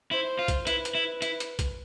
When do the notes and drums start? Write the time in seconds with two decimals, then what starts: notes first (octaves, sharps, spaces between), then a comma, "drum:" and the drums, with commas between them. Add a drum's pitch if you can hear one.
0.11 E4 C5
0.39 F4
0.48 drum: kick B1, hi-hat
0.67 E4 B4, drum: hi-hat
0.85 drum: hi-hat
0.95 E4
1.22 E4, drum: hi-hat
1.40 drum: hi-hat
1.59 drum: kick B1, hi-hat